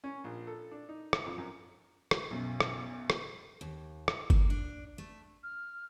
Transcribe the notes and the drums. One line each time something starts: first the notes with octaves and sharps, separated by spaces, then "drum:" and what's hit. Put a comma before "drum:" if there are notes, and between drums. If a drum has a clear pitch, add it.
C#4
A#1
A4
D4
D#4
drum: rim click
F2
F#2
drum: rim click
B1 F#2
drum: rim click
drum: rim click
D#2
drum: rim click
A#3, drum: kick G1
D4
A3
F6